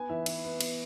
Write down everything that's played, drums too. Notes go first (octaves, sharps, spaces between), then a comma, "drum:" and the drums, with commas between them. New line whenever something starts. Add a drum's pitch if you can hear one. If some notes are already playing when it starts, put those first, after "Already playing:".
Already playing: B3 G#5
E3 E5
E3, drum: cymbal
B3
B3, drum: cymbal